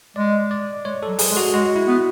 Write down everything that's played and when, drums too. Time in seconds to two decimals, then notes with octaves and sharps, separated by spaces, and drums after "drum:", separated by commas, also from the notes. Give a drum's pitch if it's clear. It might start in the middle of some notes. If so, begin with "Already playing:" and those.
0.16 G#3 D5
0.51 D5
0.85 G#3 C#5
1.03 A4
1.08 F#3
1.19 G#4, drum: open hi-hat
1.31 G#3
1.37 F#4
1.54 G#3 F#4
1.76 E4
1.88 B3